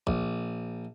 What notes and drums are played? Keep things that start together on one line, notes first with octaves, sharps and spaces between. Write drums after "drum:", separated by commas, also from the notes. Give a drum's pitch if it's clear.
A#1, drum: kick